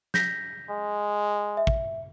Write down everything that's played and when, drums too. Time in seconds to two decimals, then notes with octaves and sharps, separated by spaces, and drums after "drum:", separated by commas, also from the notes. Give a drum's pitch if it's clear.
0.14 G6 A#6 B6, drum: snare
0.70 G#3
1.57 E5
1.67 drum: kick